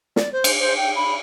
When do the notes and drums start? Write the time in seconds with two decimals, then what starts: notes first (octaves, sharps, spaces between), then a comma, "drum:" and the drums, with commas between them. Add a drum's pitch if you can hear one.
0.16 D5, drum: snare
0.32 C5
0.44 drum: cymbal
0.60 C5
0.77 G5
0.95 B5